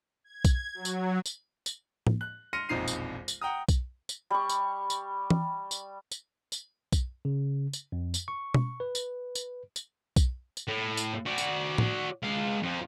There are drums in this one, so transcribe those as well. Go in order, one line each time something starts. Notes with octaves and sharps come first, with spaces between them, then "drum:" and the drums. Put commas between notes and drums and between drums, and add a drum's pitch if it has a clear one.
G#6
drum: kick B1, tambourine
F#3
drum: tambourine
drum: tambourine
drum: tambourine
drum: tom A2
F#6
C6 F6 A#6 C#7 D#7
E1 A#1 F2 D#4 C7 D#7
drum: tambourine
drum: tambourine
F#5 G5 A#5 D#6
drum: kick B1, tambourine
drum: tambourine
G3 C#6
drum: tambourine
drum: tambourine
drum: tom E3
drum: tambourine
drum: tambourine
drum: tambourine
drum: kick B1, tambourine
C#3
drum: tambourine
F2
drum: tambourine
C#6
drum: tom B2
B4
drum: tambourine
drum: tambourine
drum: tambourine
drum: kick B1, tambourine
drum: tambourine
A2
drum: tambourine
F#4 D5
drum: tambourine
drum: tom A2
G#3 F5
F2 F3